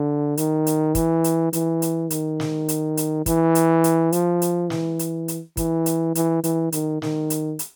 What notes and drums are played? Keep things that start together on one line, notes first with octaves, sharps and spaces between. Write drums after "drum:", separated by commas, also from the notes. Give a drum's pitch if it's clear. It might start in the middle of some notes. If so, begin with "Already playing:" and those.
Already playing: D3
D#3, drum: hi-hat
drum: hi-hat
E3, drum: kick, hi-hat
drum: hi-hat
E3, drum: hi-hat
drum: hi-hat
D#3, drum: hi-hat
drum: snare
drum: hi-hat
drum: hi-hat
E3, drum: kick, hi-hat
drum: hi-hat
drum: hi-hat
F3, drum: hi-hat
drum: hi-hat
E3, drum: snare
drum: hi-hat
drum: hi-hat
E3, drum: kick, hi-hat
drum: hi-hat
E3, drum: hi-hat
E3, drum: hi-hat
D#3, drum: hi-hat
D#3, drum: snare
drum: hi-hat
drum: hi-hat